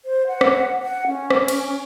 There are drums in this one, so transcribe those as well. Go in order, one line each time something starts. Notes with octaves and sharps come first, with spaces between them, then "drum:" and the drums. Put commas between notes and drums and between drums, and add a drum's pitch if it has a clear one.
C5
F#5
drum: rim click
F#5
C#4
drum: rim click
drum: cymbal